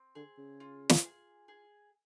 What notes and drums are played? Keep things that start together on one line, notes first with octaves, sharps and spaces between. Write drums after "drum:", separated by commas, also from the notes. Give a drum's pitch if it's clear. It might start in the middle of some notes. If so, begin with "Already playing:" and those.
Already playing: C4
D3 G#4
C#3
F4
drum: snare
G#4
G#4